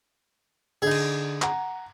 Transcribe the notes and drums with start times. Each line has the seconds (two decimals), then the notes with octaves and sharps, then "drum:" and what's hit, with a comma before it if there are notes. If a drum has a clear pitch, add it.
0.82 D3 D#4 G#4
0.91 drum: cymbal
1.42 F#5 A#5, drum: clap